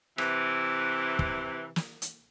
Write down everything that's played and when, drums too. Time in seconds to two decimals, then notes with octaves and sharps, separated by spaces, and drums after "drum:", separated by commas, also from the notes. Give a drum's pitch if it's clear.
0.18 C3 E3, drum: rim click
1.19 drum: kick
1.76 drum: snare
2.02 drum: hi-hat